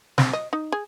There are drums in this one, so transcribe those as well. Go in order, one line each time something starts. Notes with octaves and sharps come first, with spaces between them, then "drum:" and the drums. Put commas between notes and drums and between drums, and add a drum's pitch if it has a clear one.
C4, drum: snare
D#5
D#4
G#4